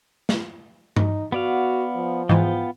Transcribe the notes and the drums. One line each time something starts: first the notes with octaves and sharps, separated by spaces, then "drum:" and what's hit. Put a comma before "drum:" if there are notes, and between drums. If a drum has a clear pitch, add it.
drum: snare
D#4, drum: tom G2
B3 F#4 D5 F5
F3
G#2 E3 B3 F4 G5